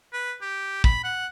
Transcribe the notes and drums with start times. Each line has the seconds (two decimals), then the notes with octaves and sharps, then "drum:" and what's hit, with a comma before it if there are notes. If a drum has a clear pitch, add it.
0.13 B4
0.41 G4
0.84 B5, drum: kick
1.04 F#5